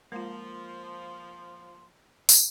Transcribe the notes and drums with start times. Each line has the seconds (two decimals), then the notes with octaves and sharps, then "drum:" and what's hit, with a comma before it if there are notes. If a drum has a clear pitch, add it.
0.12 F3 G#3 A#3 F4 C6
2.29 drum: open hi-hat